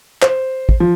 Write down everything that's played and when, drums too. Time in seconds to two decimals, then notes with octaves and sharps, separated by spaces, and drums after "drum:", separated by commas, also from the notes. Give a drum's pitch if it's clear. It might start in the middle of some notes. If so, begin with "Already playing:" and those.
0.22 C5, drum: clap
0.69 drum: kick
0.80 F3